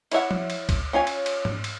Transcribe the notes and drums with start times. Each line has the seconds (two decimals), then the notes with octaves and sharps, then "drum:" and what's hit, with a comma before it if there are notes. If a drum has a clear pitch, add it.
0.12 E4 C#5 E5 F#5, drum: cymbal
0.31 drum: tom F3
0.50 drum: cymbal
0.69 drum: kick C#2, cymbal
0.93 C#4 F4 C#5 G#5
1.07 drum: cymbal
1.26 drum: cymbal
1.45 drum: tom G#2
1.64 drum: cymbal